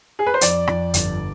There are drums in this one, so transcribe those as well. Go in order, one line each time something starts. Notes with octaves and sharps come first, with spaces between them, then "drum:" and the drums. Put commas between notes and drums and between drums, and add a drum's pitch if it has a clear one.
G#4
B4
C5
F2 D5, drum: hi-hat
F2, drum: rim click
G1, drum: hi-hat